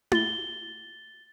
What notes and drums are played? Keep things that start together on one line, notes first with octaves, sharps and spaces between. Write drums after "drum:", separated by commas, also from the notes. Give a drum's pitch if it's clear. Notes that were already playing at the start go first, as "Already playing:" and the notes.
A6 G7, drum: tom E4